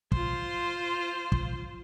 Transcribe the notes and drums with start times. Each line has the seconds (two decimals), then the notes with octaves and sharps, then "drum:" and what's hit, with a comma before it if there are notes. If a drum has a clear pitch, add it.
0.12 F4 C5, drum: kick
1.32 drum: kick